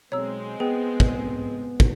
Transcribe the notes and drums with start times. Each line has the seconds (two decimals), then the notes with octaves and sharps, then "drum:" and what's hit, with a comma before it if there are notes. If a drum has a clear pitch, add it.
0.12 B1 G#3 C4 C#5 A#5 E6
0.60 B3 G#4 G5
1.00 drum: kick
1.80 drum: kick